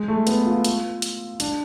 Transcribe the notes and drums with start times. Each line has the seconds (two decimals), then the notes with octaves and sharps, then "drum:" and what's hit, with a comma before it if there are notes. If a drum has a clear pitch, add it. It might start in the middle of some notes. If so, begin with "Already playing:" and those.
Already playing: G#3
0.08 A3
0.27 B3, drum: hi-hat
0.46 F4
0.65 drum: hi-hat
1.02 drum: hi-hat
1.40 D4, drum: hi-hat